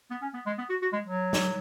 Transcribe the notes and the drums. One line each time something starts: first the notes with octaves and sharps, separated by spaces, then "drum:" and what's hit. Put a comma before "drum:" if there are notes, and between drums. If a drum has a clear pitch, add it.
B3
C#4
B3
G#3
B3
F#4
F#4
G#3
F#3
drum: snare